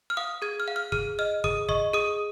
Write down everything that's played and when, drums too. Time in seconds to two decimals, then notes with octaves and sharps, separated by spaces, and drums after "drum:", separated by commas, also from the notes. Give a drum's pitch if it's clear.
0.10 F6
0.17 F5 D#6
0.42 G#4 G#6
0.60 F6
0.68 F5
0.76 F6
0.92 G#4 F6, drum: kick
1.19 D#5 F6
1.44 G#4 D#6, drum: kick
1.69 D#5 C#6, drum: kick
1.94 G#4 D#6